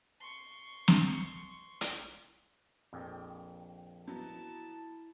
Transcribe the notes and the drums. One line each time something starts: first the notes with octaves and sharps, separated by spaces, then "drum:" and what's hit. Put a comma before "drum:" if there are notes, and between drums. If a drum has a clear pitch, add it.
C6 C#6
drum: snare
drum: hi-hat
A#1 F2 G5
F#3 B3 E4 A5